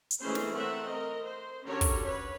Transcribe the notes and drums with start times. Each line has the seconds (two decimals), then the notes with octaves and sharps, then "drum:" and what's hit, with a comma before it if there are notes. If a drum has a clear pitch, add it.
0.11 drum: hi-hat
0.21 E3 G#3 A3 C#4 G#4 C5
0.35 drum: snare
0.54 A3 C4 A#4 E5 F#5
0.85 A#4 D#5
1.25 C5
1.65 D3 C#4 F#4 G4 A#4 C#5
1.81 drum: kick, open hi-hat
2.05 B4 C#5